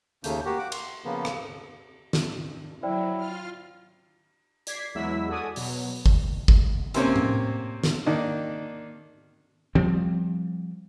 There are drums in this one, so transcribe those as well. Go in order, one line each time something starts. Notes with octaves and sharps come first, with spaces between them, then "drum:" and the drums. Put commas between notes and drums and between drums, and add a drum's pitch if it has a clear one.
D#2 C#3 A3 A#3 G6, drum: hi-hat
A#3 F#4 G4
F#5 D6
C6, drum: cymbal
C#3 F3 A#3 B3
drum: rim click
drum: snare
F#3 E4 C5 D5 G5
F4 F6
D5 G#6 B6 C7, drum: hi-hat
E2 F#3 G#3 E4 E6 B6
F#4 A4 D5 G#5 D#6
B2 F#3, drum: open hi-hat
drum: kick G1
drum: kick G1
C3 A#3 C4 C#4, drum: hi-hat
drum: tom A2
drum: snare
D#3 A#3 D4 D#4
F3 G3 C4